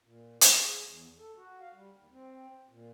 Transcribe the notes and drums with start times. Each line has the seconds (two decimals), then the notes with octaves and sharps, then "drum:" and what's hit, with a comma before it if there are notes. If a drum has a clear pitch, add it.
0.04 A#2
0.41 G3, drum: hi-hat
0.58 G#4
0.82 E2
1.18 A4
1.37 F#4
1.60 F5
1.74 G3
1.96 D#2
2.11 C4
2.69 A#2